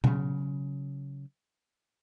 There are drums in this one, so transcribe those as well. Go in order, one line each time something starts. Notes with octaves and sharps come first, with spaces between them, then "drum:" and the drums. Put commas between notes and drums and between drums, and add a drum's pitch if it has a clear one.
C#3 F#3, drum: tom